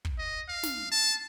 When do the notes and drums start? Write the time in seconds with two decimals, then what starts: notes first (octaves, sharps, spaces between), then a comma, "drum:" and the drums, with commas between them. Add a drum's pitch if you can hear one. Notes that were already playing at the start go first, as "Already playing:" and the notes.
0.05 drum: kick
0.18 D#5
0.49 F5
0.63 drum: snare
0.91 A5